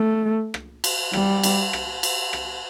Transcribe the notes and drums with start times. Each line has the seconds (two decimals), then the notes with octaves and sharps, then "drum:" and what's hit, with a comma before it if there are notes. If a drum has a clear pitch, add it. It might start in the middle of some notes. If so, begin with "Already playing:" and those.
Already playing: A3
0.54 drum: rim click
0.84 drum: cymbal
1.13 G3, drum: rim click
1.43 drum: cymbal
1.73 drum: rim click
2.03 drum: cymbal
2.33 drum: rim click